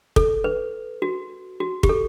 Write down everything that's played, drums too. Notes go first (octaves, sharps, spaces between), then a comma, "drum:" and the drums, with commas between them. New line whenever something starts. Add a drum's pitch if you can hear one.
A4, drum: kick
B4
F#4
F#4
G4, drum: kick
A4